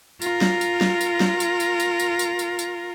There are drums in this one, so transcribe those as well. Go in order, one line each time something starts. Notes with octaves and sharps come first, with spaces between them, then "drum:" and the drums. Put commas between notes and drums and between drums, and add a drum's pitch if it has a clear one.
F4 A#4, drum: tambourine
drum: snare
drum: tambourine
drum: snare
drum: tambourine
drum: snare
drum: tambourine
drum: tambourine
drum: tambourine
drum: tambourine
drum: tambourine
drum: tambourine
drum: tambourine